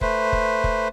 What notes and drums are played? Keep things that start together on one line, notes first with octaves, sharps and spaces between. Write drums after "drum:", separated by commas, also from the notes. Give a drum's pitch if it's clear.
A3 B4 C5, drum: kick
drum: kick
drum: kick